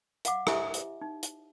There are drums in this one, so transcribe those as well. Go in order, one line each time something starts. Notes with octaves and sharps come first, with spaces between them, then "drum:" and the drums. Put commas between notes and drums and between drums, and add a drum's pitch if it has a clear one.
F5 F#5 D6, drum: hi-hat
E4 G4 C5 D#5 E5 G#5, drum: rim click
drum: hi-hat
D#4
drum: hi-hat